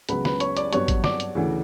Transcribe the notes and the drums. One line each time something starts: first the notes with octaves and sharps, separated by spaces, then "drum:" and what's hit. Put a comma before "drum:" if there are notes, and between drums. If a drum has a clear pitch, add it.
C#2 C#3 F#3 B3 B4 B5, drum: hi-hat
B4 B5, drum: snare
C#5 C#6, drum: hi-hat
D5 D6, drum: hi-hat
G2 F#3 B3 C#5 C#6, drum: hi-hat
drum: kick G#1, hi-hat
D5 D6, drum: snare
drum: hi-hat
D2 C#3 E3